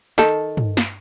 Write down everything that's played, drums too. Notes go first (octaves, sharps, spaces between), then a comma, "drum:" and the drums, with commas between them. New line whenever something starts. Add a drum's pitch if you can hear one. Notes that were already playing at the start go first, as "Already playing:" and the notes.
D#3 A4, drum: snare
drum: tom
drum: snare